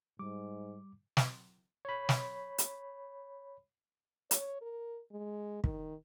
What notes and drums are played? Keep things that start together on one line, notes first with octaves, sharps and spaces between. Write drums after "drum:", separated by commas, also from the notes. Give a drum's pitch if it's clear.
G#2 G3 D6
drum: snare
C#5 B5
drum: snare
drum: hi-hat
C#5, drum: hi-hat
A#4
G#3
D#3, drum: kick